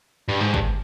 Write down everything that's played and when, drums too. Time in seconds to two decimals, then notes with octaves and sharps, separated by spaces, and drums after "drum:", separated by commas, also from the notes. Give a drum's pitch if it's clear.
0.29 G2
0.41 G#2
0.54 G2, drum: kick